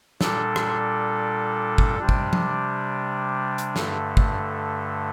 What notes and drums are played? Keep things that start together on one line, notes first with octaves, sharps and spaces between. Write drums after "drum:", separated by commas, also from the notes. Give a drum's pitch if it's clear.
A#2 G3 D4 A4, drum: snare
drum: rim click
drum: kick
C3 G3 D4
drum: kick
drum: tom F3
drum: hi-hat
G2 D3 A3, drum: snare
drum: kick